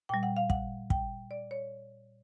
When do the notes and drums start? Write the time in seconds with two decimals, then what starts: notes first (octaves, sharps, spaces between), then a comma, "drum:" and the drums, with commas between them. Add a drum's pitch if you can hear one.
0.09 A#2 G3 G5
0.23 F#5
0.37 F5
0.50 F#5, drum: kick
0.90 G5, drum: kick
1.31 D5
1.51 C#5